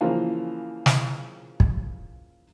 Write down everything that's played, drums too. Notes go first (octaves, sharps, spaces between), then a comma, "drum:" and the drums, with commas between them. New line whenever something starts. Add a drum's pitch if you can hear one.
C#3 E3 F3 A#3 F4
drum: snare
drum: kick